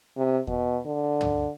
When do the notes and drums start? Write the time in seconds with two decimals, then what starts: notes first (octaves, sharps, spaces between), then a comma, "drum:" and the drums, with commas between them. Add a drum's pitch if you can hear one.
0.17 C3
0.47 B2, drum: kick E2
0.86 D3
1.21 drum: tom